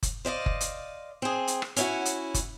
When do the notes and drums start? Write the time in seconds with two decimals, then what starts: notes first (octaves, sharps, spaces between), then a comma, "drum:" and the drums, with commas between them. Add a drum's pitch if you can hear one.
0.03 drum: kick F#1, hi-hat
0.25 C5 D5 D#5 F5
0.46 drum: kick F#1
0.61 drum: hi-hat
1.22 C4 G#4
1.47 drum: hi-hat
1.62 drum: rim click
1.76 C#4 E4 F#4, drum: hi-hat
2.05 drum: hi-hat
2.34 drum: kick F#1, hi-hat